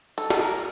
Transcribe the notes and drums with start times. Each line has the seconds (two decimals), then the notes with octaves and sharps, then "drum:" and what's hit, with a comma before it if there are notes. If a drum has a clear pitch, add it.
0.18 A4, drum: cymbal
0.30 A4, drum: snare
0.41 A#4